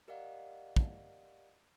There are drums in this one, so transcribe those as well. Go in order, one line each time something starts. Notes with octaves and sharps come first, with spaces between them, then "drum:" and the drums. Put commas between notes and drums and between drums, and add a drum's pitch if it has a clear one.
G4 A#4 D5 D#5 F5 F#5
drum: kick